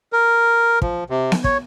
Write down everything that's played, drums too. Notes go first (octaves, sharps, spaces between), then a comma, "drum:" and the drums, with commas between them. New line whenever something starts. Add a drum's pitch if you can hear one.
A#4
F3, drum: kick
C3
drum: snare B3
C#5, drum: kick